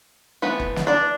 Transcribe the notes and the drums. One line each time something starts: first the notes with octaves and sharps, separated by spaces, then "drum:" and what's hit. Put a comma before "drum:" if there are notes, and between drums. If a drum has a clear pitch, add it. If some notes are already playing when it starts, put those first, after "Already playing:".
E3 A3 B3 C4 B4
drum: kick F#1
drum: snare
D4 D5